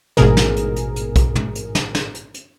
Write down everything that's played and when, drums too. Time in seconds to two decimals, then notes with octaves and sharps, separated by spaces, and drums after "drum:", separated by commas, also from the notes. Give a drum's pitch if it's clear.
0.17 A1 G#2 B2 G#4 A#4, drum: snare
0.37 drum: snare
0.56 drum: hi-hat
0.76 drum: hi-hat
0.96 drum: hi-hat
1.16 drum: kick, hi-hat
1.35 drum: tom
1.55 drum: hi-hat
1.75 drum: snare
1.95 drum: snare
2.14 drum: hi-hat
2.34 drum: hi-hat